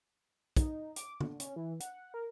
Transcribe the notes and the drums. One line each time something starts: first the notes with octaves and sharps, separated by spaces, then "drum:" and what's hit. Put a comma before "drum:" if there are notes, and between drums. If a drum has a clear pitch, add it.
D#4, drum: kick, hi-hat
D6, drum: hi-hat
D3, drum: tom
C#4, drum: hi-hat
E3
F#5, drum: hi-hat
A#4